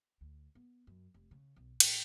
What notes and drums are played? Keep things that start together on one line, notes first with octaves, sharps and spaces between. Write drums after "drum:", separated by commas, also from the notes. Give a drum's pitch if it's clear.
D2
B3
F#2
F1
C#3
B1
A1, drum: cymbal